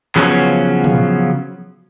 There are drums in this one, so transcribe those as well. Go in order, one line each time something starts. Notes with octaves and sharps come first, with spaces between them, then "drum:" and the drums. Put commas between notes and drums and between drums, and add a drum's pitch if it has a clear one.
C#3 F3 F#3 B3 C#4, drum: clap
drum: tom